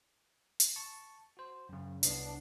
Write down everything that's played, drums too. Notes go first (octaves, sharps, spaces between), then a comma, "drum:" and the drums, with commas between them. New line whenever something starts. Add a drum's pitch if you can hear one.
drum: hi-hat
A5 C#6
F#4 C5
F#2 C#3
C2 B3 D4 C7, drum: hi-hat